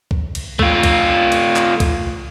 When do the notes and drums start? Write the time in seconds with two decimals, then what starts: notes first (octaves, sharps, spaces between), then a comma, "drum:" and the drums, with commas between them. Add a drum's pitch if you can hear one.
0.11 drum: kick C2
0.35 drum: cymbal
0.59 A3 F4, drum: kick C2
0.83 drum: kick C2, cymbal
1.32 drum: cymbal
1.56 drum: clap
1.80 drum: kick C2, cymbal